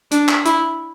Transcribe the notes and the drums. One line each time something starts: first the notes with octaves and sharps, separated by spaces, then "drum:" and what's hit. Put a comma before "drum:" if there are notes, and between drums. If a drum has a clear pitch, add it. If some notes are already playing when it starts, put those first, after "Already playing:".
D4, drum: hi-hat
drum: clap
E4, drum: hi-hat